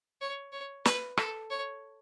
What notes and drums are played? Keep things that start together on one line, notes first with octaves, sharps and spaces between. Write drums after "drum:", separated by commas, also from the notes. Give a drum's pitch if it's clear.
C#5
C#5
B4, drum: snare
A4, drum: rim click
C#5